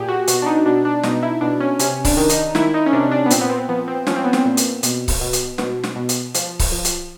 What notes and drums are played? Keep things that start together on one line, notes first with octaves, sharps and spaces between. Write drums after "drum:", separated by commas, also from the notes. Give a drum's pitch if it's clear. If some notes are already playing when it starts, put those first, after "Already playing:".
Already playing: A#2 G4 G#4
F#4
B2 F#4, drum: hi-hat
D4
D#4
B2 D4
D4
B2 D#4, drum: snare
E4
B2 D4
C#4
C3 C#4, drum: hi-hat
D4, drum: kick C#1, open hi-hat
D#3
D#4, drum: hi-hat
D#3 E4, drum: snare
D#4
C#4
C3 D4
D4
B3
A#2 C4, drum: hi-hat
B3
C4
F3 B3
C4
F3 C#4, drum: snare
C4
B3
C4, drum: snare
A#2
drum: hi-hat
B2, drum: hi-hat
drum: kick C#1, open hi-hat
B2
drum: hi-hat
B2, drum: snare
drum: snare
B2
drum: hi-hat
F3, drum: hi-hat
drum: kick C#1, open hi-hat
F3
drum: hi-hat